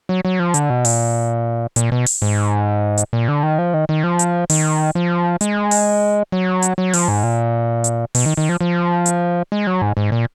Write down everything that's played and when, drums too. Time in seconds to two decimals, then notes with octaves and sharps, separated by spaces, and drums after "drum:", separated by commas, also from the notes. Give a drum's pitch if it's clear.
0.09 F#3
0.25 F#3
0.39 F3
0.54 D3, drum: hi-hat
0.70 B2
0.85 A#2, drum: open hi-hat
1.76 A#2, drum: hi-hat
1.92 B2
2.06 drum: open hi-hat
2.22 G#2
2.98 drum: hi-hat
3.13 A#2
3.28 D3
3.43 D#3
3.58 F3
3.74 D#3
3.89 D#3
4.04 F3
4.19 drum: hi-hat
4.50 D#3, drum: open hi-hat
4.95 F3
5.41 G#3, drum: hi-hat
5.71 drum: open hi-hat
6.32 F#3
6.63 drum: hi-hat
6.78 F#3
6.94 F3, drum: open hi-hat
7.08 G#2
7.23 A#2
7.84 drum: hi-hat
8.15 B2, drum: open hi-hat
8.26 D#3
8.37 D#3
8.49 F3
8.61 F3
9.06 drum: hi-hat
9.52 G#3
9.67 F#3
9.82 G#2
9.97 G#2
10.12 A#2